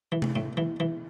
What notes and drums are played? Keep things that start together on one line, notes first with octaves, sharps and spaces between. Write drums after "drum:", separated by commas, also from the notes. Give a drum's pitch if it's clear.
E3
drum: tom C3
A2
E3
E3